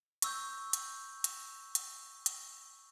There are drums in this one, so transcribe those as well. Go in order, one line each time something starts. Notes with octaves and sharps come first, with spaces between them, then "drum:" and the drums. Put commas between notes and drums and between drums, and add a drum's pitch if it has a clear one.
C#6 E6 G6, drum: hi-hat
drum: hi-hat
drum: hi-hat
drum: hi-hat
drum: hi-hat